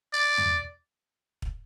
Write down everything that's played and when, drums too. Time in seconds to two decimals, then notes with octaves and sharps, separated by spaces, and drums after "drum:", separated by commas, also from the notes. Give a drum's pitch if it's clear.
0.13 D5
0.38 drum: tom E2
1.42 drum: kick